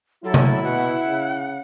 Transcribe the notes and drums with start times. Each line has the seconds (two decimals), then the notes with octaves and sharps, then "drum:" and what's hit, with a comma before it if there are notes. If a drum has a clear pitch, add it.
0.25 F#3 E4 A4
0.34 drum: tom C3
0.63 B2 F#5
1.06 C#3